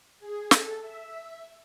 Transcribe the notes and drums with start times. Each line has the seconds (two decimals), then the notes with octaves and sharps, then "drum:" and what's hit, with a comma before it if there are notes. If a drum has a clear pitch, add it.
0.19 G#4
0.51 A4, drum: snare
0.81 E5